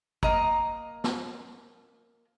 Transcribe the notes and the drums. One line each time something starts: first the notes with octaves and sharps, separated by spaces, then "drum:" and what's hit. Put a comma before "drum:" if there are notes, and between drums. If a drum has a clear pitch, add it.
A#3 D#5 A#5, drum: kick
drum: snare